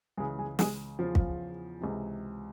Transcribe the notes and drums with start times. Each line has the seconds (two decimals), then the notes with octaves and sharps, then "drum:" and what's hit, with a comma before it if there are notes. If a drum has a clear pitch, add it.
0.17 C#2 C#3 E3 G#3 G#4
0.39 G#3 G#4
0.59 G#3 G#4, drum: snare
0.99 E2 C#3 F3 F4
1.15 drum: kick
1.80 C#2 C3 E3